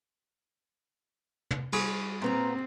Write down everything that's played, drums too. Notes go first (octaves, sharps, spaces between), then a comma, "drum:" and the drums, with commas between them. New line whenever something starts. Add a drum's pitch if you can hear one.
drum: tom
G3 G#4 B5 C#6, drum: cymbal
A#2 B3 C4 A#5